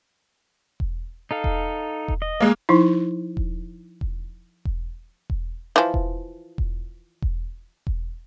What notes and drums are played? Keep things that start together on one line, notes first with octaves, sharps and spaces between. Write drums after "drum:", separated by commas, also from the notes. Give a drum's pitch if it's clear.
drum: kick E1
D#4 A4 F5
drum: kick E1
drum: kick E1
D#5
G#3 A#3
F3 D#4 E4
drum: kick E1
drum: kick E1
drum: kick E1
drum: kick E1
E3 F3
drum: kick E1
drum: kick E1
drum: kick E1
drum: kick E1